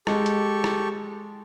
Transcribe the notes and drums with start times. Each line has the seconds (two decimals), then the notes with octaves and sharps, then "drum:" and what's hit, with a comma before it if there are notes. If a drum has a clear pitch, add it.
0.07 G#3 G4 A4 C#6, drum: rim click
0.26 drum: hi-hat
0.64 drum: rim click